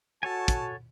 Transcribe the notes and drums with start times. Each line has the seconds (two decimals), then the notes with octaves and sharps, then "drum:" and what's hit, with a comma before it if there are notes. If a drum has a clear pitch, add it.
0.23 F#4 A4 C#5 G#5 A5
0.48 drum: kick, hi-hat